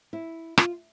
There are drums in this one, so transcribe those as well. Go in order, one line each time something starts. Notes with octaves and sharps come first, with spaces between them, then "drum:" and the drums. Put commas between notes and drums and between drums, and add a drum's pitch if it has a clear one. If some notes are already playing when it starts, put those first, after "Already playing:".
E4
F4, drum: rim click